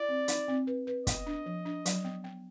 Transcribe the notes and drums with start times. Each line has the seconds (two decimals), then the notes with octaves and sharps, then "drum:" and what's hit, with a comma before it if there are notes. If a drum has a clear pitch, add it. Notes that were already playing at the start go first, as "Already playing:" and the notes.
Already playing: E4 D5
0.09 C4
0.28 D#4, drum: hi-hat
0.48 C4
0.67 B4
0.87 B4
1.07 B3 D#5, drum: kick, hi-hat
1.27 D4
1.46 F3
1.65 D4
1.86 F#3, drum: hi-hat
2.05 B3
2.24 B3